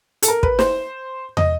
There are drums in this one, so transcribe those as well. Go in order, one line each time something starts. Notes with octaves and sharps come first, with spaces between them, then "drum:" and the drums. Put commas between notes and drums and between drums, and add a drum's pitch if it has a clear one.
A4, drum: hi-hat
A#4
B4, drum: kick
C5, drum: snare
D#5, drum: tom